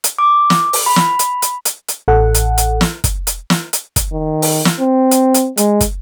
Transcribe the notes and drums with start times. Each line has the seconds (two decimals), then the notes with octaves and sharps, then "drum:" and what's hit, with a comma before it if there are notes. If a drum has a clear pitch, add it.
0.04 drum: hi-hat
0.18 D6
0.50 drum: snare
0.73 drum: open hi-hat
0.86 B5
0.96 drum: snare
1.19 drum: hi-hat
1.42 drum: hi-hat
1.65 drum: hi-hat
1.88 drum: hi-hat
2.08 A1 A4 F#5
2.35 drum: hi-hat
2.58 drum: hi-hat
2.81 drum: snare
3.04 drum: kick, hi-hat
3.27 drum: hi-hat
3.50 drum: snare
3.73 drum: hi-hat
3.96 drum: kick, hi-hat
4.12 D#3
4.42 drum: open hi-hat
4.65 drum: snare
4.80 C4
5.11 drum: hi-hat
5.34 drum: hi-hat
5.58 G#3, drum: hi-hat
5.81 drum: kick, hi-hat